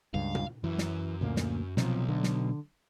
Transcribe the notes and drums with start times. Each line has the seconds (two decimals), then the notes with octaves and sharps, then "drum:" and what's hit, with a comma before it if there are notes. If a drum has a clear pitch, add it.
0.14 C#2 G2 F5
0.35 drum: tom A#2
0.64 F#2 E3
0.78 drum: snare
1.21 D2 A#2 A#3
1.36 drum: snare
1.77 B1 C3 F3, drum: snare
2.09 D3
2.23 drum: snare